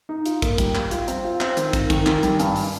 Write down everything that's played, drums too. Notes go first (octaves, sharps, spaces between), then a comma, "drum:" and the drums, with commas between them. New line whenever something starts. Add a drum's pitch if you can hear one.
D#4
F4, drum: hi-hat
A#3, drum: kick, hi-hat
G3, drum: kick, hi-hat
G3, drum: clap
F4, drum: hi-hat
C4, drum: hi-hat
F4
C4, drum: clap
D#3, drum: hi-hat
D#3, drum: kick, hi-hat
D#3, drum: kick, hi-hat
D#3, drum: clap
G3, drum: hi-hat
G2, drum: hi-hat
drum: open hi-hat